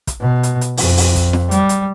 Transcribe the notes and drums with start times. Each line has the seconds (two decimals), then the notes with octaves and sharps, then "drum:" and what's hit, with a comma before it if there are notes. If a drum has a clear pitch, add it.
0.07 drum: kick, hi-hat
0.20 B2
0.43 drum: hi-hat
0.61 drum: hi-hat
0.77 F2, drum: open hi-hat
0.97 drum: open hi-hat
1.15 drum: kick, hi-hat
1.33 drum: snare
1.51 G3, drum: hi-hat
1.69 drum: hi-hat